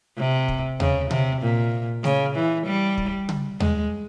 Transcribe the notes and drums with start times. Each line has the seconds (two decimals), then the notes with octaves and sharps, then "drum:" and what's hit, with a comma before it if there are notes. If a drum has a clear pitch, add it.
0.18 C3
0.48 drum: kick
0.80 C#3, drum: tom D#2
1.11 C3, drum: tom C#3
1.42 A#2
2.04 C#3, drum: snare A3
2.35 E3
2.66 G3
2.97 drum: kick
3.29 drum: tom C#3
3.60 G#3, drum: tom D#2